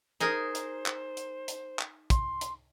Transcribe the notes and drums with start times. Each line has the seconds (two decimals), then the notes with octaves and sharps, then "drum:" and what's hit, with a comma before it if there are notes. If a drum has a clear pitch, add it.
0.20 D#4 G#4 A#4 C5
0.55 drum: hi-hat
0.86 drum: clap
1.17 drum: hi-hat
1.48 drum: hi-hat
1.79 drum: clap
2.10 C6, drum: kick, hi-hat
2.41 drum: hi-hat